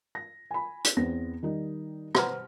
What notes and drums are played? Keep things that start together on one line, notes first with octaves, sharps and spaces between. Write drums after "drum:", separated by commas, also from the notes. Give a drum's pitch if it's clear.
A#6
G#5 B5
drum: hi-hat
E2 B3 C4 A#6
D#3 G3 D#4
B4 C5 F#5 A#5 F6, drum: rim click